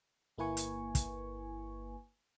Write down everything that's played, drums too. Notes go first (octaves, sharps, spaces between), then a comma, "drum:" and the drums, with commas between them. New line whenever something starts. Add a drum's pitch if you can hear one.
G1 A#3 E4 B4 G#5 C#6
drum: hi-hat
drum: kick, hi-hat